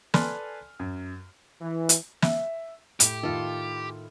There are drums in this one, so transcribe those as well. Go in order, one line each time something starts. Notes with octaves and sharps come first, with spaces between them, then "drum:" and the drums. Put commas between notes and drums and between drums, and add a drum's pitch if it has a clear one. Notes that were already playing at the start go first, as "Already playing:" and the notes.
A4 B4 D5 G#5 C6 F6, drum: snare
F#2
E3
drum: hi-hat
E5, drum: snare
A2 G4, drum: hi-hat
A2 D#3 F4 A4